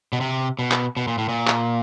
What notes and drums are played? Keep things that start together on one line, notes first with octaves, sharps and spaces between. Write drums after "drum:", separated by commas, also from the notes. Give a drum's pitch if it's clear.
B2
C3
B2
drum: clap
B2
A#2
A2
A#2
drum: clap